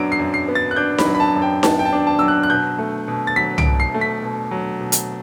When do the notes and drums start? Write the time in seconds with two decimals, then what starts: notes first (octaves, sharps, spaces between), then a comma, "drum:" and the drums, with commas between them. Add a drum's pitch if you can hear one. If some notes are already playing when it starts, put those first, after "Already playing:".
Already playing: F#2 F#3 B3 D4 D7
0.12 C7
0.19 F#2
0.34 C7
0.48 B3
0.55 A6
0.71 F#6
0.76 D4 G6
0.98 B5, drum: snare D#4
1.05 F#3
1.15 B5
1.20 A5
1.35 F#2
1.42 G5
1.63 B3 A5, drum: snare D#4
1.79 G5
1.85 A5
1.93 D4
2.07 A5
2.19 F#3 E6
2.28 F#6
2.43 F#6
2.50 B2 G6
2.78 A3
3.08 B2
3.27 A6
3.36 F#3 B6
3.58 D7, drum: tom
3.65 B2
3.80 C7
3.94 A3
4.01 B6
4.22 B2
4.51 F#3
4.81 B2
4.92 drum: hi-hat